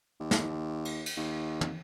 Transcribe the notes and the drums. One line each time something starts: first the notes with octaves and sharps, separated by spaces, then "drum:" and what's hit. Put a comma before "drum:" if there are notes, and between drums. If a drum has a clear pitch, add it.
D#2
drum: snare
drum: cymbal
drum: cymbal
D#2
drum: tom